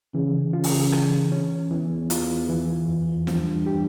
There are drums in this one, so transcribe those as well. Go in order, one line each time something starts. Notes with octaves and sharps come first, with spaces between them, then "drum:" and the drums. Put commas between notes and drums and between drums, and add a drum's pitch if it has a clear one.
C#3 E3
C#3 F4
drum: open hi-hat
E3, drum: rim click
C#4
E2 E3
F4, drum: hi-hat
E3
E2
G2 F3, drum: snare
G4